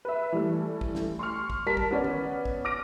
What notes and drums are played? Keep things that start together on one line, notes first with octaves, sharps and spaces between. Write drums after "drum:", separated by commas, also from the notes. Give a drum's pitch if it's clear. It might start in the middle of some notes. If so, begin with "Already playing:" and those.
B4 E5
E3 G3 A3
drum: kick
drum: snare
C6 C#6 F6
drum: kick
G3 A#4 A5 B6
drum: kick
B3 C#4 D5
drum: tom
drum: kick
D6 F6 A#6 D7